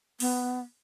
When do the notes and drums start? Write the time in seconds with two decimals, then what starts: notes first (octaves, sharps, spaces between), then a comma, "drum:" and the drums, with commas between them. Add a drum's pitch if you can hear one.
0.20 B3, drum: open hi-hat